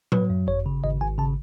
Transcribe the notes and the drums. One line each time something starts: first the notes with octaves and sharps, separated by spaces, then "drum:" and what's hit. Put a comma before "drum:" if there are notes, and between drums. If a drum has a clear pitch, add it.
F#3 B4, drum: tom A2
F#2
G#1 C#5
C#3
G#1 D#5
G#1 G#5
C#3 A5